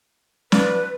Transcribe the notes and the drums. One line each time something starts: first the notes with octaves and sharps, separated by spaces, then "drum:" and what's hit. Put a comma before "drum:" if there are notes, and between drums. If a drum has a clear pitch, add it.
F3 B4 D5, drum: snare